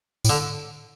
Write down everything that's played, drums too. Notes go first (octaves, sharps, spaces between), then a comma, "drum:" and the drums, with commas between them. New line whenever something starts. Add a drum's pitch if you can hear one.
A2, drum: tambourine
D3